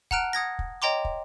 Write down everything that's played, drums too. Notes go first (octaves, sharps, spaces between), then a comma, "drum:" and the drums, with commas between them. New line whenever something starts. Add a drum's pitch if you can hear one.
F#5 A5 A#5 F6 F#6 D7, drum: kick
F#5 D#6 G#6 A#6
drum: kick
C#5 D#5 G5 A#5 C6 D6
drum: kick